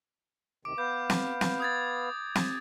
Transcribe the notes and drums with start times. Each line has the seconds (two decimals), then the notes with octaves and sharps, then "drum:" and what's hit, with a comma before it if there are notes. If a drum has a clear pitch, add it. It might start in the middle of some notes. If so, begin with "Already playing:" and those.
0.65 D2 C3 D#3 D6 D7
0.78 B3 B4 F5 G6
1.10 drum: snare
1.41 drum: snare
1.60 D#6 G#6 A6
2.35 drum: snare